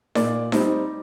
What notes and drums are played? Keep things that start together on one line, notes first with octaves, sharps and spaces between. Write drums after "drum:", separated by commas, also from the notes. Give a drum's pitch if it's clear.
A#2 D5, drum: snare D#4
G3 C4 D#4, drum: snare D#4